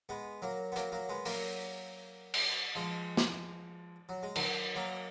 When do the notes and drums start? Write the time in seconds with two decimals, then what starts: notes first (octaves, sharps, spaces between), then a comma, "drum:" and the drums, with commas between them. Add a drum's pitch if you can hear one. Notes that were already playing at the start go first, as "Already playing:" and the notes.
0.09 G#3 B3
0.42 F#3 A#3
0.72 B3
0.76 F#3 A#3, drum: hi-hat
0.92 F#3 A#3
1.09 G#3 B3
1.25 F#3 A#3, drum: open hi-hat
2.34 drum: cymbal
2.75 F3 G#3
3.17 drum: snare
4.09 F#3
4.23 G#3
4.35 D#3 F#3, drum: cymbal
4.76 F#3 A#3